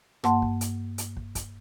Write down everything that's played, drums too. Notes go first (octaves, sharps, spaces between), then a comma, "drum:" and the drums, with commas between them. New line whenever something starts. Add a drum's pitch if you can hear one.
G2 A#3 F#5 A5 C6, drum: rim click
drum: kick
drum: hi-hat
drum: hi-hat
drum: kick
drum: kick, hi-hat